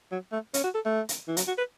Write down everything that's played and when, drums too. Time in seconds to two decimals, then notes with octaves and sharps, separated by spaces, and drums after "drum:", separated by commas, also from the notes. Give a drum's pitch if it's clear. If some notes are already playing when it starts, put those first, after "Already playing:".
0.11 F#3
0.32 A3
0.54 C#4, drum: hi-hat
0.64 F#4
0.74 A4
0.85 A3
1.09 drum: hi-hat
1.28 E3
1.37 F#3, drum: hi-hat
1.47 F#4
1.58 B4